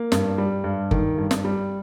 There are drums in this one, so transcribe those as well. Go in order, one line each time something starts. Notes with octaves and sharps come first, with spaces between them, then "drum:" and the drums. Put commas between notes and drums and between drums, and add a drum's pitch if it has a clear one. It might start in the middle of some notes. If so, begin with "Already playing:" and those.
Already playing: A#3
G2, drum: snare
G3
G2
D#3, drum: kick F#1
G2
drum: snare
G3